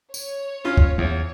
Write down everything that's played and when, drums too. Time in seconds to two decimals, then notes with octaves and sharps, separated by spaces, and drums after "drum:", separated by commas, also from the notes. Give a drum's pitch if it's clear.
0.14 C#5, drum: tambourine
0.65 C#4 F4
0.77 drum: kick
0.98 E2 C#5